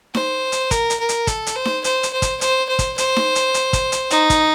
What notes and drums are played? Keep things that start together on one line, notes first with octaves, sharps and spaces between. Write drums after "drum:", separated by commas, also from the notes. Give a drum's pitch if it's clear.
C5, drum: snare D#4
drum: hi-hat
A#4, drum: kick, hi-hat
drum: hi-hat
A#4
drum: hi-hat
A4, drum: kick, hi-hat
drum: hi-hat
C5
drum: snare D#4
C5, drum: hi-hat
drum: hi-hat
C5
drum: kick, hi-hat
C5, drum: hi-hat
C5
drum: kick, hi-hat
C5, drum: hi-hat
drum: snare D#4
drum: hi-hat
drum: hi-hat
drum: kick, hi-hat
drum: hi-hat
D#4, drum: hi-hat
drum: kick, hi-hat